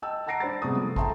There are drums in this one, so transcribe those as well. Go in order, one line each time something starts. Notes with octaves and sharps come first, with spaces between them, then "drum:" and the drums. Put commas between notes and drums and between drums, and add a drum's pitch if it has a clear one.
D#5 G5 A5 E6
F#5 A5 A#5 A#6 C7 D7
D4 C5 B5 A6
C3 G#3 B3 C#6 D#6
F3 A3
A4 E5 G5 A5 A#5 C6, drum: kick